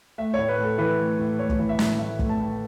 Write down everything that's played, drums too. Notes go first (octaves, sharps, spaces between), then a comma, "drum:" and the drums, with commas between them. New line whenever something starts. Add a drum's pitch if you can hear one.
A3 E5
A2 C#5
B4
A2
A4
E3 B4
A3
A2
A3 C#5
drum: kick
E3
E5
A2, drum: snare
A2 E5
A3, drum: kick
A5
A2